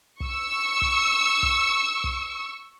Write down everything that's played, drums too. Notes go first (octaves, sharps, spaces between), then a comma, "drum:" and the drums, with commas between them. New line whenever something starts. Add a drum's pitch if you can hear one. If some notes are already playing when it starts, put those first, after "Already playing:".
C#6 E6, drum: kick
drum: kick
drum: kick
drum: kick